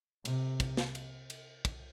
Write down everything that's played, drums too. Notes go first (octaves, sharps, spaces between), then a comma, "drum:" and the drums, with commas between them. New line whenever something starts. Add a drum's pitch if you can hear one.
C3, drum: cymbal
drum: kick, cymbal
drum: snare
drum: cymbal
drum: cymbal
drum: kick, cymbal